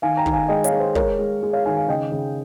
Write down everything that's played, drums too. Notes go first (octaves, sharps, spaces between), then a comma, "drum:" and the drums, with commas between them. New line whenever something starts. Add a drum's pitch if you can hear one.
D#3 F5 G#5
G5 A#5
D#3, drum: kick
F5 G#5
G#3 D#5 G5
C#5 F5, drum: hi-hat
G#3
C5
G#3 A#4 C#5, drum: kick
G#3
G#3
C#5 F5
D#3 F5 G#5
F5 G#5
C#3 D#5 G5
C#3